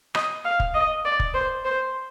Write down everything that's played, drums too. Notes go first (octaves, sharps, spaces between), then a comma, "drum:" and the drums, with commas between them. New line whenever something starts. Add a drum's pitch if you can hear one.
D#5, drum: rim click
F5
drum: kick
D#5
D5
drum: kick
C5
C5